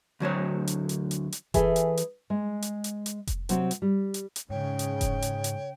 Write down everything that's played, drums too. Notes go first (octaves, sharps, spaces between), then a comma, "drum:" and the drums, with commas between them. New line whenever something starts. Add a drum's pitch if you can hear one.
D2 F#3 C5 C#5
drum: hi-hat
drum: hi-hat
drum: hi-hat
drum: hi-hat
E3 G#4 A4 E5 G#5, drum: kick F1, hi-hat
drum: hi-hat
drum: hi-hat
G#3
drum: hi-hat
drum: hi-hat
drum: hi-hat
drum: kick F1, hi-hat
C3 F#3 C4, drum: hi-hat
drum: hi-hat
G3
drum: hi-hat
drum: hi-hat
G#2 C#3 C#5 G5
drum: hi-hat
drum: kick F1, hi-hat
drum: hi-hat
drum: hi-hat